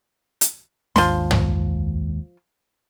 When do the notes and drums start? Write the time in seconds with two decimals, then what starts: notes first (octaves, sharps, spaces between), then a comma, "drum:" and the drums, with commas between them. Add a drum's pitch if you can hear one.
0.41 drum: hi-hat
0.96 G#1 D#2 G#2 F3 C6, drum: snare
1.31 drum: tom